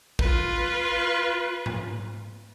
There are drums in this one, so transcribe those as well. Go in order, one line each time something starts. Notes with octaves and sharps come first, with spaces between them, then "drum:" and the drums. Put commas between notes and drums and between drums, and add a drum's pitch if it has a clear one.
F4 B4, drum: kick
drum: tom G#2